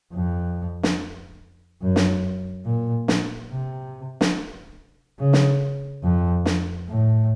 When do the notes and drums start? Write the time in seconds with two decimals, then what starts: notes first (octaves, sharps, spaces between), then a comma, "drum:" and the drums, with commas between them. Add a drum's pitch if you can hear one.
0.13 F2
0.83 drum: snare
1.82 F#2
1.96 drum: snare
2.66 A#2
3.08 drum: snare
3.50 C3
4.21 drum: snare
5.19 C#3
5.33 drum: snare
6.03 F2
6.46 drum: snare
6.88 A2